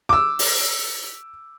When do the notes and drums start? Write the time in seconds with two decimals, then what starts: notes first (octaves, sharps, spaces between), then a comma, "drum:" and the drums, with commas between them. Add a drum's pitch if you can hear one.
0.09 D6 E6
0.39 drum: open hi-hat